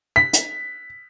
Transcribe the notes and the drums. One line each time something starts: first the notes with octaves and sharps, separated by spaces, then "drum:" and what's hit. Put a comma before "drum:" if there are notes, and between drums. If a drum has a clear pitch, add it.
B6
drum: hi-hat